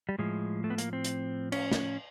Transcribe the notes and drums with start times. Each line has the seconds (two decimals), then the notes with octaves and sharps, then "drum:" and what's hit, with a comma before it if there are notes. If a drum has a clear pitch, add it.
0.09 G3
0.19 A2 F3 G#3
0.64 A3
0.70 B3
0.78 A#3, drum: hi-hat
0.93 C4
1.04 drum: hi-hat
1.52 C#4, drum: cymbal
1.71 drum: snare